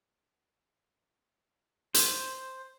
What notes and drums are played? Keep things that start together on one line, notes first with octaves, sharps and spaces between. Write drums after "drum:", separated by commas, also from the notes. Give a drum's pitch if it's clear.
C5, drum: hi-hat